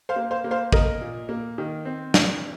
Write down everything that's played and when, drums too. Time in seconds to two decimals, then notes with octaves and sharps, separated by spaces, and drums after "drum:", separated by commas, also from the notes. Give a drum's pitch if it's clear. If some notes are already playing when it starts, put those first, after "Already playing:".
0.09 C5 F5
0.16 A#3
0.31 C5 F5
0.44 A#3
0.51 C5 F5
0.72 A#3 A#4 D#5, drum: kick
1.01 A#2
1.29 A#3
1.58 D#3
1.85 C4
2.14 drum: snare